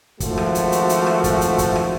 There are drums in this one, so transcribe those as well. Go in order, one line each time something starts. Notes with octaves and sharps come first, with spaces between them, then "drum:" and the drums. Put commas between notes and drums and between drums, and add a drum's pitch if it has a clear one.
G#1 F3 A3 F#4, drum: kick, hi-hat
drum: rim click
drum: hi-hat
drum: hi-hat
drum: hi-hat
drum: rim click
drum: kick, hi-hat
drum: hi-hat
drum: kick, hi-hat
drum: rim click